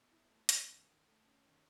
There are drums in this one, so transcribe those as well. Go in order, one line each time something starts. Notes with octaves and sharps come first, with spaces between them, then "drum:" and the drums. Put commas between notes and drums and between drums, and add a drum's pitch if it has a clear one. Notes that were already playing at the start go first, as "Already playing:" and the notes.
Already playing: B2
E4
A3
C#4, drum: hi-hat
D#3
D#3
A3
C#4
D#3